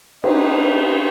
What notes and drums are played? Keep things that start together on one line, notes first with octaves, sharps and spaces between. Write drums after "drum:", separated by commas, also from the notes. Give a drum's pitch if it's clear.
D#4 B4, drum: cymbal